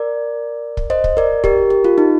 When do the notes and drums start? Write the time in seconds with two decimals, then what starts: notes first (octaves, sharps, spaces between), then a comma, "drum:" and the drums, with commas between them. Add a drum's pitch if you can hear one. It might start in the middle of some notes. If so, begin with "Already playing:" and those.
Already playing: A#4 D5
0.77 drum: kick
0.90 C5 D#5
1.04 drum: kick
1.17 A#4 D5
1.44 G4 A#4, drum: kick
1.70 G4
1.85 F4
1.98 D#4